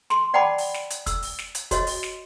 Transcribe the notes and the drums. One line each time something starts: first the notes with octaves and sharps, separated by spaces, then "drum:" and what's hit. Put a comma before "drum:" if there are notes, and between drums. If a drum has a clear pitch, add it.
C6, drum: snare
D5 F#5 G5 A5 B5 D6
drum: open hi-hat
drum: snare
drum: hi-hat
E6, drum: kick, hi-hat
drum: open hi-hat
drum: snare
drum: hi-hat
F#4 C#5 D#5, drum: kick, hi-hat
drum: open hi-hat
drum: snare